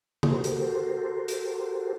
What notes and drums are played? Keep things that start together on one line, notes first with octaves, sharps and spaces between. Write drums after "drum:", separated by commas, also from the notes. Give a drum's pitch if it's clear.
F#4 G4 A4 A#4 C5, drum: tom
drum: hi-hat
drum: hi-hat